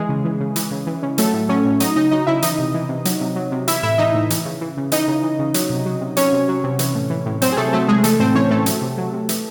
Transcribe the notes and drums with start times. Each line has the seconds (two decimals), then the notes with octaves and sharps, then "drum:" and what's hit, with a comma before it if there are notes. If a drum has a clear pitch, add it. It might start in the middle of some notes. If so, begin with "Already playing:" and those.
Already playing: E3 G#3 G#4
0.09 C#3
0.25 E3
0.40 C#3
0.56 E3, drum: hi-hat
0.71 C#3
0.87 E3
1.03 C#3
1.18 F#3 A3 A4, drum: hi-hat
1.34 A2
1.49 F#3 C#4 C#5
1.65 A2
1.80 F#3 D#4 D#5, drum: hi-hat
1.96 C#3 D#4 D#5
2.11 F#3 D#4 D#5
2.27 C#3 E4 E5
2.42 E3 D#4 D#5, drum: hi-hat
2.59 C3
2.74 E3
2.89 C3
3.05 F#3, drum: hi-hat
3.21 C3
3.36 F#3
3.52 C3
3.68 E3 E4 E5, drum: hi-hat
3.83 A2 E4 E5
3.98 E3 D#4 D#5
4.14 A2
4.30 E3, drum: hi-hat
4.45 C#3
4.61 E3
4.77 C#3
4.92 E3 D#4 D#5, drum: hi-hat
5.08 C#3
5.23 E3
5.39 C#3
5.54 F#3, drum: hi-hat
5.70 C3
5.86 F#3
6.01 C3
6.17 F#3 C#4 C#5, drum: hi-hat
6.32 C3
6.48 F#3
6.64 C3
6.79 E3, drum: hi-hat
6.95 A2
7.10 E3
7.26 A2
7.42 F#3 C4 C5, drum: hi-hat
7.52 G#4
7.57 C3 A3 A4
7.73 F#3 A3 A4
7.88 C3 G#3 G#4
8.04 E3 A3 A4, drum: hi-hat
8.20 A2 C4 C5
8.35 E3 C#4 C#5
8.50 A2 A3 A4
8.66 F#3, drum: hi-hat
8.82 C3
8.98 F#3
9.13 C3
9.29 E3, drum: hi-hat